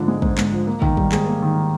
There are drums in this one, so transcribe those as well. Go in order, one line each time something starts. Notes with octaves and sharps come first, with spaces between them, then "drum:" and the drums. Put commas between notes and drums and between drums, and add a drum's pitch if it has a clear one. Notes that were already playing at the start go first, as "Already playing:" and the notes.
Already playing: G#2 D3 F3
G#3
G#2, drum: kick
G#2, drum: clap
F3
A#3
D#3, drum: kick
G3, drum: kick
G#2 G#4, drum: clap
A#3
D#3